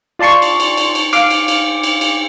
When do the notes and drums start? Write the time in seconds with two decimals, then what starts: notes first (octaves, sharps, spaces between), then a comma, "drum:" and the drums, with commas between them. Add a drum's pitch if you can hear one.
0.19 F4 D5 A5 C6 C#6
0.42 drum: cymbal
0.60 drum: cymbal
0.77 drum: cymbal
0.95 drum: cymbal
1.13 F5 D6, drum: cymbal
1.30 drum: cymbal
1.48 drum: cymbal
1.83 drum: cymbal
2.01 drum: cymbal